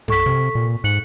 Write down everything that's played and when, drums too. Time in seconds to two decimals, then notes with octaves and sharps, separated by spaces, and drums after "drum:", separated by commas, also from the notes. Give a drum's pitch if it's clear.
0.08 A4 C#6 B6, drum: tom F#2
0.26 C3
0.55 A#2
0.84 G#2 F#6 C#7 F#7